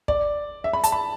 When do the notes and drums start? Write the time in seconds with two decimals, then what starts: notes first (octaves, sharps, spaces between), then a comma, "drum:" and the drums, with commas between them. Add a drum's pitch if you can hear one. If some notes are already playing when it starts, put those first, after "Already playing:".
0.08 D5, drum: kick
0.64 E5
0.73 B5
0.84 A5, drum: hi-hat
0.92 B5